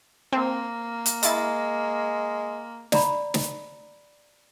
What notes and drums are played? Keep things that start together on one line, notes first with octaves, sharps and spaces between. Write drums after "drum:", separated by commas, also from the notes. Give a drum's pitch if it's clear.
A#3 C4
drum: hi-hat
G#3 E4 A6, drum: hi-hat
D5 A#5 B5, drum: snare
drum: snare